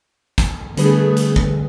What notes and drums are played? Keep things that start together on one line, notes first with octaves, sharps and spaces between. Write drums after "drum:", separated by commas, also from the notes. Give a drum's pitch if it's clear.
drum: kick, hi-hat
D3 G3 A3 B3 G#4 B4, drum: hi-hat
drum: hi-hat
drum: kick